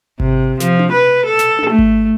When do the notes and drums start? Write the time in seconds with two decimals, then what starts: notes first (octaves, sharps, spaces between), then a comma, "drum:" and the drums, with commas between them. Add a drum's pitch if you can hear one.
0.20 C3, drum: kick G#1
0.60 F3, drum: snare
0.79 drum: tom D4
0.92 B4
1.25 A4
1.39 drum: snare
1.59 drum: tom D4
1.70 A3
1.79 drum: kick G#1